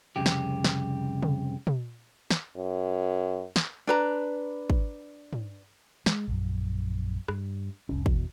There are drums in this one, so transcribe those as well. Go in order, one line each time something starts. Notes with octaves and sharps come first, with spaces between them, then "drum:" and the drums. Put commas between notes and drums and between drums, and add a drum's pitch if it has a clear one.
C2 F2 C#3 G4
drum: snare
drum: snare
drum: tom
drum: tom
drum: snare
F#2
drum: snare
D4 B4 A#5
drum: kick
drum: tom
G#3, drum: snare
A#1 F#2
G2, drum: rim click
F1 C2 C#4
E2 B2, drum: kick